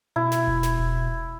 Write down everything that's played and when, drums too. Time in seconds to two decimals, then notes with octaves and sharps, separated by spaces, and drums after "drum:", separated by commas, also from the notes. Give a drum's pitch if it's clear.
0.16 B2 E4
0.32 drum: snare
0.47 drum: kick E1
0.63 drum: snare
0.79 drum: kick E1